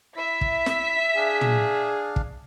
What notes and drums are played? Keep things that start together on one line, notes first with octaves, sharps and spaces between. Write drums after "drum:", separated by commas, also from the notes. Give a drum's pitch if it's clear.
E4 E5 B6
drum: kick
drum: snare
D4 G#4 F5
drum: tom
drum: kick